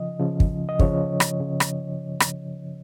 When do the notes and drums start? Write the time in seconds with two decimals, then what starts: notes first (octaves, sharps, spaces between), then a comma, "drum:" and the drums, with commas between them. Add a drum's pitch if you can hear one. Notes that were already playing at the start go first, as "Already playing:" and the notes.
Already playing: C#3 F3 D#5
0.19 C#3 F3
0.40 drum: kick
0.69 D#5
0.79 C#3 F3 C#5, drum: kick
1.20 drum: rim click
1.40 C#3
1.60 drum: rim click
2.20 drum: rim click